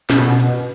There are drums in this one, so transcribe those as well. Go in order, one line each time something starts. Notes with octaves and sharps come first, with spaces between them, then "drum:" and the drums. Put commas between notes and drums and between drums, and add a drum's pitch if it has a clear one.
B2, drum: snare
drum: cymbal